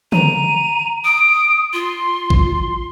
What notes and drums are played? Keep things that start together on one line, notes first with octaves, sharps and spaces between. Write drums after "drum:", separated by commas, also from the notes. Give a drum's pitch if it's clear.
A#5 D#7, drum: tom
D#6 D7
F4 C6
drum: kick A1